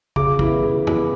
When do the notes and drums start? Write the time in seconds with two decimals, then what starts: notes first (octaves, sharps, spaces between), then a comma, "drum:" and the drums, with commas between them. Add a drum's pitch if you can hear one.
0.16 C#3 D6, drum: kick
0.39 E3 B3 E4, drum: kick
0.64 C#3
0.87 E3 B3 E4, drum: tom